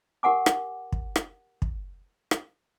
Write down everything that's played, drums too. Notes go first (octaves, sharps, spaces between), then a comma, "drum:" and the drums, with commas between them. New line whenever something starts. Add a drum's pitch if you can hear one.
G4 A#4 F#5 G#5 D6
drum: rim click
drum: kick
drum: rim click
drum: kick
drum: rim click